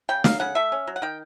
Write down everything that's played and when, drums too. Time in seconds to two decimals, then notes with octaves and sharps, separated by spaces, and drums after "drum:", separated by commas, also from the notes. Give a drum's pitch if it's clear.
0.09 C#3 G5
0.24 F#3 F5, drum: snare
0.40 C#3 F#5
0.55 A3 E5
0.72 C#4
0.87 F#3
0.96 F#5
1.02 D#3 G5